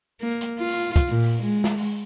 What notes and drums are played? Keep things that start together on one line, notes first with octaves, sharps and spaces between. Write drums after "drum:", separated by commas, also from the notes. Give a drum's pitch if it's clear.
A#3
drum: hi-hat
F4
drum: open hi-hat
drum: kick, hi-hat
A#2
drum: open hi-hat
G#3
drum: snare
drum: open hi-hat